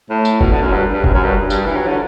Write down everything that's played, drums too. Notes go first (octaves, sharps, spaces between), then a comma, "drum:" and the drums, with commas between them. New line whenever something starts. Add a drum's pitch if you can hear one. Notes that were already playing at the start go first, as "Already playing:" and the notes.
A2
drum: tambourine
B2, drum: kick
D3
F#2
G2
G2
F#2, drum: kick
F#2
G2
G2, drum: tambourine
E3
F#3
D3